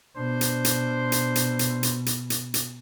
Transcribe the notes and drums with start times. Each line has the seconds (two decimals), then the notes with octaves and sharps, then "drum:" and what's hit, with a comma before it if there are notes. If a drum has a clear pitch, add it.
0.17 B2 D4 C5
0.41 drum: hi-hat
0.65 drum: hi-hat
1.12 drum: hi-hat
1.35 drum: hi-hat
1.59 drum: hi-hat
1.83 drum: hi-hat
2.06 drum: hi-hat
2.30 drum: hi-hat
2.54 drum: hi-hat